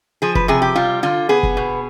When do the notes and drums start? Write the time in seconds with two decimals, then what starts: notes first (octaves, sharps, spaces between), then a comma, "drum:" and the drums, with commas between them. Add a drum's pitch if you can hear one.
0.22 F3 G#4
0.35 B4, drum: kick
0.48 C3 G#4
0.62 G4
0.75 G3 F4
1.03 D3 F4
1.29 B3 G#4
1.43 drum: kick
1.57 B2